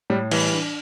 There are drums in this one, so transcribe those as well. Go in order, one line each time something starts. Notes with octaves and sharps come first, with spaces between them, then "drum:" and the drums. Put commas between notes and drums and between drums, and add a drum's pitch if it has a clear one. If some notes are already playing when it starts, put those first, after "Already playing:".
A2 G3
E3 G3, drum: cymbal
D4